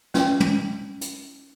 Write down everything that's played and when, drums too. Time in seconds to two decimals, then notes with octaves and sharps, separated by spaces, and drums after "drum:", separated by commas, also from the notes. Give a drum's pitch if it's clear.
0.14 C#4, drum: snare
0.40 drum: tom
1.01 drum: hi-hat